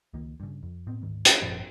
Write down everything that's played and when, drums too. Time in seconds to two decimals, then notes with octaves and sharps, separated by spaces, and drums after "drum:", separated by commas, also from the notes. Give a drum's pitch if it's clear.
0.14 C#2 D#3 A#3
0.40 G2 C#3
0.63 F2
0.87 A2 B3 C4
1.02 D2 G#2 D#3
1.25 drum: hi-hat
1.42 G#1 F#2 A#2 F3